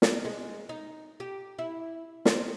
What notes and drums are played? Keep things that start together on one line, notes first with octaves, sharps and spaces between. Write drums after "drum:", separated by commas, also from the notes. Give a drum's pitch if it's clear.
drum: snare
G#3
D#4
G4
E4
C5, drum: snare